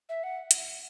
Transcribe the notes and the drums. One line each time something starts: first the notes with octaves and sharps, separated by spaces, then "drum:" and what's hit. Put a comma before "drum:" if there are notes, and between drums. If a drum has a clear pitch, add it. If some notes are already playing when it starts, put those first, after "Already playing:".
E5
F#5
drum: hi-hat